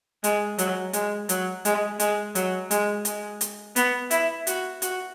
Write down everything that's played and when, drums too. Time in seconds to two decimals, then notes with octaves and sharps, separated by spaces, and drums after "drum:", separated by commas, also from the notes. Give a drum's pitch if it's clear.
0.24 G#3, drum: hi-hat
0.58 F#3, drum: hi-hat
0.93 G#3, drum: hi-hat
1.29 F#3, drum: hi-hat
1.65 G#3, drum: hi-hat
2.00 G#3, drum: hi-hat
2.35 F#3, drum: hi-hat
2.71 G#3, drum: hi-hat
3.05 G#3, drum: hi-hat
3.41 drum: hi-hat
3.76 B3, drum: hi-hat
4.11 E4, drum: hi-hat
4.47 F#4, drum: hi-hat
4.82 F#4, drum: hi-hat